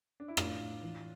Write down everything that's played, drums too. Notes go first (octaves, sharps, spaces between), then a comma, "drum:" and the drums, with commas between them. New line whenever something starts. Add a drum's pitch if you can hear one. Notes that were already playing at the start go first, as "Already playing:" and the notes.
D4
E4
A2 D4 F4, drum: rim click
A2
E3